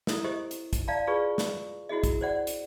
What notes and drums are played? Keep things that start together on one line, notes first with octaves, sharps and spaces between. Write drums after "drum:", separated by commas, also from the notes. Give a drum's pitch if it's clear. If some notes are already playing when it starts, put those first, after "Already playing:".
E4 A4 A#4, drum: snare
G4 C5 D#5
drum: hi-hat
drum: kick A#1, hi-hat
D5 F5 A5 A#5
F4 G#4 B4 D5 C#6
drum: snare
E4 F#4 G#4 D#5
drum: kick A#1, hi-hat
C5 D5 F#5
drum: hi-hat